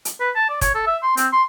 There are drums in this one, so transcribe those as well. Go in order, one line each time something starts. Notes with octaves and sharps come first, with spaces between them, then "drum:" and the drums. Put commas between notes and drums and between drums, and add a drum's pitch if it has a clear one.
drum: hi-hat
B4
A5
D5
C#5, drum: kick, hi-hat
A4
E5
C6
C4, drum: hi-hat
C6